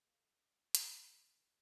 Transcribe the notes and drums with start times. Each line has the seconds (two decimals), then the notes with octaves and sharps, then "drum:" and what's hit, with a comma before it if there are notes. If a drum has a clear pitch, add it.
0.03 A3 A#3 F4
0.75 drum: hi-hat